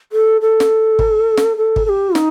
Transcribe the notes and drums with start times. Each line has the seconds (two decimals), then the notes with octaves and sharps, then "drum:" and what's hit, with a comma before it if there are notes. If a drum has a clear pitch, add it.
0.12 A4
0.41 A4
0.60 drum: snare
0.99 drum: kick G#1
1.37 drum: snare
1.57 A4
1.76 drum: kick G#1
1.85 A4
1.89 G4
2.15 D#4, drum: snare